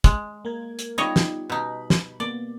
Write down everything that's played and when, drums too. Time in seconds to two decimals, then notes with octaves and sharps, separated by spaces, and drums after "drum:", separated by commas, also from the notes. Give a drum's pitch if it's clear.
0.04 G#3, drum: kick, hi-hat
0.45 A#3 A#4 G#6
0.79 drum: hi-hat
0.98 G3 B3 D#4 F4 C#5 D#5
1.16 drum: snare
1.50 B2 D#4 B5
1.90 drum: snare
2.20 A#3 B3 D5